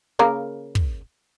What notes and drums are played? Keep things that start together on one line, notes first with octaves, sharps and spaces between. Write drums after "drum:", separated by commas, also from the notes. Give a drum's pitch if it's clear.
C#3 A#3 A#4
drum: kick